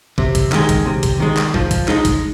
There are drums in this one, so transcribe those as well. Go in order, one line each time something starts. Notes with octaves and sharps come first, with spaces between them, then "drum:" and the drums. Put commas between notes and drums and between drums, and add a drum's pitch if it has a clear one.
C3, drum: kick
drum: kick, hi-hat
D#3 G#3, drum: clap
drum: kick, hi-hat
C3
drum: kick, hi-hat
D#3 G#3
drum: clap
F3, drum: kick
drum: kick, hi-hat
G#3 D#4, drum: clap
drum: kick, hi-hat